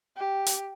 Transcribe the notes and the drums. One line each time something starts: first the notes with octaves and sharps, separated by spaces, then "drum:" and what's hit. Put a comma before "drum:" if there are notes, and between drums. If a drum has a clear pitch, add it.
G4
drum: hi-hat